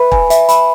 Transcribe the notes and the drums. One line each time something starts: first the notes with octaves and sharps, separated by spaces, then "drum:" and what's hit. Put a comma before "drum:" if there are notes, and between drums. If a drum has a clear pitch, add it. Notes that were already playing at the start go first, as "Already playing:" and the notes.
Already playing: B4 E5 B5
G#5, drum: kick
E5, drum: hi-hat
B5, drum: hi-hat